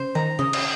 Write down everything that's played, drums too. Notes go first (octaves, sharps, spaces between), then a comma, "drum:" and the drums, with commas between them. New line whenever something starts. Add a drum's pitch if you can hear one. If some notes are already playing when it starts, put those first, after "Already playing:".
Already playing: C#3 C5
D#3 A#5
C#3 D#5
drum: cymbal